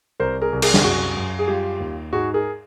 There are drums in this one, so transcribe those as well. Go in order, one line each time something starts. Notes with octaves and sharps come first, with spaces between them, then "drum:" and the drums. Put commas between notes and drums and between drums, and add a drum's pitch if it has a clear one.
C2 A#4 C5
G#4 A#4
C2
G#4 A#4, drum: cymbal
drum: snare
F#2 F#4 G#4
F#2
G#4
G3 F4 G4
D#2
G#2 F#4 G#4
G#4 A#4